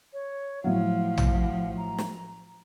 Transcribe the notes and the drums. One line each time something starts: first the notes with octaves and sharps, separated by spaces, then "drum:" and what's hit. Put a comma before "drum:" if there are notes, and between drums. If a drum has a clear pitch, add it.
C#5
A2 F3 F#3 F5
drum: tom A#1
A#5
drum: snare